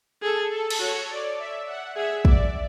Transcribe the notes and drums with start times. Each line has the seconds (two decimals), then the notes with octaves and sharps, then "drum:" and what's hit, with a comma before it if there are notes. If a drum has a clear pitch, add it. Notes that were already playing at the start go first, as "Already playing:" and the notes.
0.21 G#4 A4
0.50 A4
0.70 drum: cymbal
0.80 F#4 C#5
1.09 D5
1.38 E5
1.67 F#5
1.96 G#4 E5
2.25 D5, drum: kick